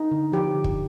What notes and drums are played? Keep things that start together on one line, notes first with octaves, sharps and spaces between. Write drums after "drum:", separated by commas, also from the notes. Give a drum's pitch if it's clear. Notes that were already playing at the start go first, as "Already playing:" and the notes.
Already playing: D#4
D3
F3 G4
D3
drum: kick